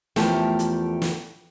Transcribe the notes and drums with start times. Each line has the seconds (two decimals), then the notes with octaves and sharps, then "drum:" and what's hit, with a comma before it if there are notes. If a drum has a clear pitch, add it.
0.16 E2 F3 A3 G4 A#4 G5, drum: snare
0.59 drum: hi-hat
1.02 drum: snare